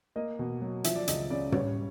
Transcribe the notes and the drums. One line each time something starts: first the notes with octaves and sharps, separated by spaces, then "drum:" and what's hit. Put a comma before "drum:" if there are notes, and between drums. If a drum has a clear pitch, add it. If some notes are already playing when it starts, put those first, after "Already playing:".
A#3 D#5
B2
F#3
F3 E5, drum: hi-hat
D5
C#2 D#5, drum: hi-hat
C#3 D5
G3 C#5, drum: tom